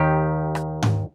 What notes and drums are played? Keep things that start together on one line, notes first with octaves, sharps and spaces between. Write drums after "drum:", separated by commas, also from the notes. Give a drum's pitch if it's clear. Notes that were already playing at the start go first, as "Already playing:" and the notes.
Already playing: D#2 D#3 G4
drum: rim click
drum: tom G#2